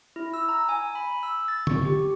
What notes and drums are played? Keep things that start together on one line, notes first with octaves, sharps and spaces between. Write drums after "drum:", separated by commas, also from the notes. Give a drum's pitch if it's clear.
E4
E6
A#5
G#5
B5
E6
A6
C#6, drum: tom D3
G4